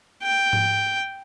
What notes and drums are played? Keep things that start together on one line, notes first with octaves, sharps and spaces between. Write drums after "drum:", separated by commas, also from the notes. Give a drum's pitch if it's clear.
G5
drum: tom G#2